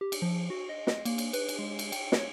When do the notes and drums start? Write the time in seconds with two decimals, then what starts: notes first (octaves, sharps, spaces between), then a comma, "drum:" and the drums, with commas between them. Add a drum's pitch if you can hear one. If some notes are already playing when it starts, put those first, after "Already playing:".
0.01 G4
0.12 drum: cymbal
0.22 F3
0.50 F#4
0.69 D#5
0.87 D#5, drum: snare
1.05 A#3, drum: cymbal
1.18 drum: cymbal
1.33 B4, drum: cymbal
1.49 drum: cymbal
1.59 G#3
1.79 drum: cymbal
1.92 G5, drum: cymbal
2.12 C#5, drum: snare